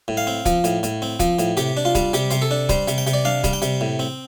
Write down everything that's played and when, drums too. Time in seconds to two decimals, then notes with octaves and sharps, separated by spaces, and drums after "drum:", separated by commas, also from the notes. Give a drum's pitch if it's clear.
0.08 A2
0.17 F5
0.27 C4
0.46 F3, drum: kick, hi-hat
0.64 A2, drum: hi-hat
0.83 A2, drum: hi-hat
1.02 C4
1.20 F3, drum: kick, hi-hat
1.39 A2, drum: hi-hat
1.57 C3 G4, drum: hi-hat
1.77 D4
1.85 F4
1.95 G3, drum: kick, hi-hat
2.13 C3 G4, drum: hi-hat
2.30 C3 C5, drum: hi-hat
2.42 A4
2.51 D4
2.69 G3 C5, drum: kick, hi-hat
2.88 C3, drum: hi-hat
2.98 G5
3.07 C3, drum: hi-hat
3.13 D5
3.25 D4 F5
3.44 G3, drum: kick, hi-hat
3.53 G5
3.62 C3, drum: hi-hat
3.81 A2
3.99 C4